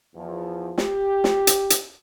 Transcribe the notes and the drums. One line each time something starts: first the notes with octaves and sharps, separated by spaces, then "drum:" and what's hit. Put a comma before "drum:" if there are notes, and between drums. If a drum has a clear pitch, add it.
E2 F3
G4, drum: snare
drum: snare
drum: hi-hat
drum: hi-hat